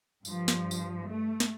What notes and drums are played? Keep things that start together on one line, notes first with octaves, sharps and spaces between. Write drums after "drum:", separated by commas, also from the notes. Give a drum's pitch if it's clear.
G2 F3, drum: tambourine
drum: snare
drum: tambourine
A3
drum: snare